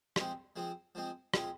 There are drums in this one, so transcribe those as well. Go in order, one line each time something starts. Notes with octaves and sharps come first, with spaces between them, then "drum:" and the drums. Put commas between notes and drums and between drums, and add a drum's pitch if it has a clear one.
F3 G#3 C4, drum: rim click
F3 G#3 C4
F3 G#3 C4
F3 G#3 C4, drum: rim click